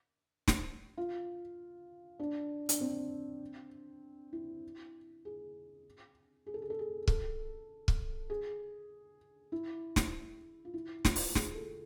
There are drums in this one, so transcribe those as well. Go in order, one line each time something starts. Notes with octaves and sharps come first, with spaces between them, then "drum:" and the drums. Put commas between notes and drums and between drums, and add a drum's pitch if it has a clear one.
drum: snare
F4
D4
D4, drum: hi-hat
C4
E4
G#4
G#4
A4
G#4
A4
G#4
A4, drum: kick
drum: kick
G#4
E4
drum: snare
F4
E4
F4, drum: snare
drum: open hi-hat
G#4, drum: snare
A4